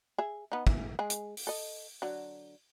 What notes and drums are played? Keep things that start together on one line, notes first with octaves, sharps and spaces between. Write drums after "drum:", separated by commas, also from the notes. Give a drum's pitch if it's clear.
G#4 E5
B3 D#4
E3, drum: kick
G#3 G#4
drum: hi-hat
drum: open hi-hat
A4 D#5
D3 F#3